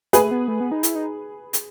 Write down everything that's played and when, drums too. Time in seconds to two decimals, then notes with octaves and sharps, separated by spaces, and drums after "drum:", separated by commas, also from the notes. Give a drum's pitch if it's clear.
0.13 A3 G#4 B4, drum: hi-hat
0.31 B3
0.48 A3
0.60 B3
0.71 D#4
0.83 E4, drum: hi-hat
0.95 D#4
1.53 drum: hi-hat